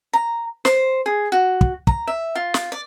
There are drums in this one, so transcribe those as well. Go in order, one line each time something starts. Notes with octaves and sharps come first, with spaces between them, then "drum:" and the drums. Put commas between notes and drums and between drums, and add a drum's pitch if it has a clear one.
A#5
C5, drum: snare
G#4
F#4
drum: kick
A#5, drum: kick
E5
F4
drum: snare
D5